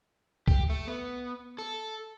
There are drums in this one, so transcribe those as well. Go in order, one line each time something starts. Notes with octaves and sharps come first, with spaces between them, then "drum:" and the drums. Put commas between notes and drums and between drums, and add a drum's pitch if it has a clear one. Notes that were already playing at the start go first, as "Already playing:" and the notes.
G4, drum: kick C2
A3
B3
A4